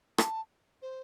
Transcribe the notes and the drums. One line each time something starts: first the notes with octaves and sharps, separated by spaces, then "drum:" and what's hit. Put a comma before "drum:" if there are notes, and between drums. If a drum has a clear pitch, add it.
A5, drum: rim click
C5